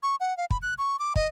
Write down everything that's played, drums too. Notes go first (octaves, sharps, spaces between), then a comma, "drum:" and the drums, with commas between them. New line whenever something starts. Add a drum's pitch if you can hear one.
C#6
F#5
F5
B5, drum: kick
F#6
C#6
D6
D#5, drum: kick